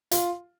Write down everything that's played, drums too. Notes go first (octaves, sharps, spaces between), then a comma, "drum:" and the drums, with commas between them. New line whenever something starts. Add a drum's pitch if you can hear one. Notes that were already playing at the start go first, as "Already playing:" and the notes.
F4, drum: hi-hat